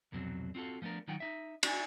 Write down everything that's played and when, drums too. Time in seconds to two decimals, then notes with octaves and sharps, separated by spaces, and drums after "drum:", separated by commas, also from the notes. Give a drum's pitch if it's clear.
0.12 C2 F2 B2 F#3 C4
0.55 C4 F4 F#4 A4
0.82 F3 A3 B3 D4 A#4
1.08 D#3 F#3 D#4 F4 F#5 G5
1.20 D#4 E5
1.63 D5 G#5, drum: cymbal